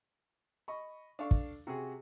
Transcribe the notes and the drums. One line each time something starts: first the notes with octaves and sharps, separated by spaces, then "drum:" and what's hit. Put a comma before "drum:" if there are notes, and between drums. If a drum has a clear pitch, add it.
D#5 B5 C#6
D4 A4 F5 C#6
drum: kick
C3 F#4 G#4